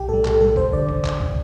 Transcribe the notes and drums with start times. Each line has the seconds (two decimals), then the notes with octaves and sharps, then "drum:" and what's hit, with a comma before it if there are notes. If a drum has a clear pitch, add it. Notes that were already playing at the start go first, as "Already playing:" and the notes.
Already playing: B1 G4
0.08 A2 G3 A4
0.25 B1 A4, drum: clap
0.40 A2 G3 A4
0.56 A1 C5, drum: kick
0.72 D3 D5
0.89 drum: kick
1.05 drum: clap
1.21 drum: kick